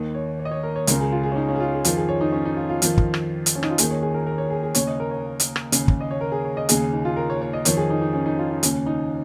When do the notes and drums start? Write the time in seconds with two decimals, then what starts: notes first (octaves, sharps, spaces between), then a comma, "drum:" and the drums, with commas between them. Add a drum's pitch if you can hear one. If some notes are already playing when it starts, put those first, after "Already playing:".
Already playing: D#2 D#3
0.15 C#5
0.39 C#5
0.45 D#5
0.51 C#5
0.63 A#4
0.76 C#5
0.87 C#2 C#3 A#4, drum: hi-hat
1.00 G#4
1.12 F4
1.23 G#4
1.32 C#4
1.36 D#4
1.48 C#4
1.56 G#4
1.60 F4
1.73 G#4
1.85 F2 D#3 F4, drum: hi-hat
1.97 G#4
2.09 C#5
2.21 D#4
2.32 C#4
2.45 D#4
2.57 F4
2.69 F4
2.82 F2 D#3 F4, drum: hi-hat
2.98 drum: kick
3.14 drum: rim click
3.46 drum: hi-hat
3.55 C#4
3.63 D#4, drum: rim click
3.70 F4
3.78 D#2 D#3 G#4, drum: hi-hat
3.91 C#5
4.03 G#4
4.14 A#4
4.26 A#4
4.38 C#5
4.50 G#4
4.63 G#4
4.75 D#2 C#3 C#5, drum: hi-hat
4.87 D#5
5.00 A#4
5.11 C#5
5.40 drum: hi-hat
5.56 drum: rim click
5.72 D#2 C#3, drum: hi-hat
5.88 drum: kick
6.01 D#5
6.11 C#5
6.21 A#4
6.32 G#4
6.45 C#5
6.57 D#5
6.69 D#2 C#3 G#4, drum: hi-hat
6.93 D#4
7.05 F4
7.16 A#4
7.30 C#5
7.42 C#5
7.53 D#5
7.65 F2 D#3 C#5, drum: hi-hat
7.77 G#4
7.90 D#4
8.02 D#4
8.13 C#4
8.26 D#4
8.38 F4
8.51 D#4
8.63 D#2 C#3 C#4, drum: hi-hat
8.86 D#4